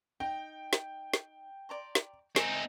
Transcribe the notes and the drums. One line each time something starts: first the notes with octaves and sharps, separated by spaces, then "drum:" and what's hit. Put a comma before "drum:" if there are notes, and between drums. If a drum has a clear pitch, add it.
D#4 G5
drum: snare
drum: snare
D5 A#5 C6
drum: snare
C4 D#4 A#4 E5 G#5, drum: snare